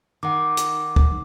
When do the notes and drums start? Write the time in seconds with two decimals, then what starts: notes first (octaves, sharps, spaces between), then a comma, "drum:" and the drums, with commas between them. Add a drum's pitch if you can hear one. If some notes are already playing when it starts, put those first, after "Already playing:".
0.23 D#3 F#5 D6
0.57 drum: hi-hat
0.96 drum: kick